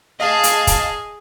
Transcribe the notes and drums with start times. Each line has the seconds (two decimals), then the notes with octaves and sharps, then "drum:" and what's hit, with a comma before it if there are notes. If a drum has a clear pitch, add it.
0.20 G#4 D#5 F5 A5
0.44 drum: hi-hat
0.67 drum: kick, hi-hat